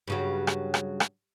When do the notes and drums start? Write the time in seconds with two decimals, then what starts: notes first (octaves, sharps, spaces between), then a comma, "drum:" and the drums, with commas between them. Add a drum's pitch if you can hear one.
0.08 G2 C#3 F#3
0.47 drum: rim click
0.74 drum: rim click
1.00 drum: rim click